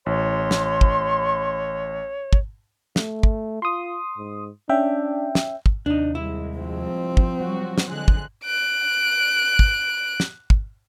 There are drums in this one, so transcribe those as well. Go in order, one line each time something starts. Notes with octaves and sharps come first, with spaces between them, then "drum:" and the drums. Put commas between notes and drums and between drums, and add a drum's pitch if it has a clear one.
A1 C#5 C6
drum: snare
drum: kick
drum: kick
A3, drum: snare
drum: kick
F4 C6 D#6
G#2
C#4 D4 E5 G5
drum: snare
drum: kick
D#2 C3 D4 D#4
C2 G#3 E4
F3 C4
drum: kick
F#3 G3 F#4
drum: snare
D3 G#3 F#6
drum: kick
F#6 D7
drum: kick
drum: snare
drum: kick